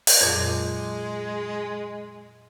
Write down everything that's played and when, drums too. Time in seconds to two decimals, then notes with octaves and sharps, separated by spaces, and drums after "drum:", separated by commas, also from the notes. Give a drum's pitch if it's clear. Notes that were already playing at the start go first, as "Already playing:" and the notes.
0.07 drum: open hi-hat
0.21 F2 A#2 F#3 G#3